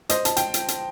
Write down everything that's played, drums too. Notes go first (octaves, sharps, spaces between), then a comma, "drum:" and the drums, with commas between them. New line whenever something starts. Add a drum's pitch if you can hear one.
C5 D#5, drum: hi-hat
A5, drum: hi-hat
G5, drum: hi-hat
drum: hi-hat
drum: hi-hat